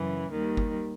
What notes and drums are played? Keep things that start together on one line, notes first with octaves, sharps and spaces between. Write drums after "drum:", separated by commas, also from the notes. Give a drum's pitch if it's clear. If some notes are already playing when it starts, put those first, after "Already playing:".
Already playing: F#2 C#3 E3
D#2 D#3 G3
drum: kick